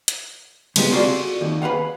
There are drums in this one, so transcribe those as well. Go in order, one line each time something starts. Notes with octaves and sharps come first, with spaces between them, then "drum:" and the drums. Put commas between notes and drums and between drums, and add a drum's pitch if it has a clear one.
drum: hi-hat
C#3 G#3 B3 G4, drum: cymbal
C4 F4 F#4 G#4 A4 D5
D#2
G#4 B4 C#5 F5 F#5